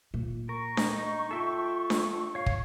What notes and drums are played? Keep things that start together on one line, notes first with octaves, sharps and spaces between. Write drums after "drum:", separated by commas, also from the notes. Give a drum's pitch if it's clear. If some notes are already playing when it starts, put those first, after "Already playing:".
A#2
A#4 C#6
drum: snare D4
D#4
F4 A4 E5 G5
drum: snare D4
C#5 F5
drum: kick